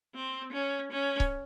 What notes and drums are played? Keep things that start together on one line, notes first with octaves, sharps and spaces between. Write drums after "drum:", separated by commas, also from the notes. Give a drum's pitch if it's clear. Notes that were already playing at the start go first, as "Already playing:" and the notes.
C4
C#4
C#4
drum: kick C#1